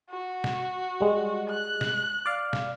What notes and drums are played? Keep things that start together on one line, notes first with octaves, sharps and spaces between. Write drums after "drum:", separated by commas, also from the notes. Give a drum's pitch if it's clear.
F#4
drum: snare
G3 G#3
F#6
drum: snare
D5 F5
drum: snare